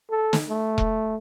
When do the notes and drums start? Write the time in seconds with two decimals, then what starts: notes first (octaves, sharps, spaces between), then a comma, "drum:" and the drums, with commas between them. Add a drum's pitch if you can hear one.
0.10 A4
0.33 drum: snare
0.49 A3
0.78 drum: kick E1